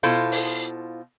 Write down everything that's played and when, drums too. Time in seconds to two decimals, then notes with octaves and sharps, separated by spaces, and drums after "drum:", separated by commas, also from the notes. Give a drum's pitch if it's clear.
0.03 B2 E4 F4 A4 C5 F5
0.32 drum: open hi-hat